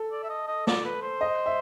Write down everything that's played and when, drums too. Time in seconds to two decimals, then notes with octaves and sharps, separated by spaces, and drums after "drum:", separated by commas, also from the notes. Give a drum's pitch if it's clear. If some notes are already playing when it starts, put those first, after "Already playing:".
Already playing: A4
0.12 D5
0.24 E5
0.30 D#5
0.48 D#5
0.67 D5, drum: snare
0.85 B4
1.02 C5
1.21 D#5
1.46 E5